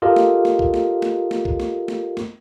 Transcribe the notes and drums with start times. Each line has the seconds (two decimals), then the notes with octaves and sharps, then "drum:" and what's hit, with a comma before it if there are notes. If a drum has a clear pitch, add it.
0.02 F4 G4 A4 A#4 D#5 F5
0.16 drum: snare
0.45 drum: snare
0.59 drum: kick C2
0.74 drum: snare
1.02 drum: snare
1.31 drum: snare
1.45 drum: kick C2
1.60 drum: snare
1.88 drum: snare
2.17 drum: snare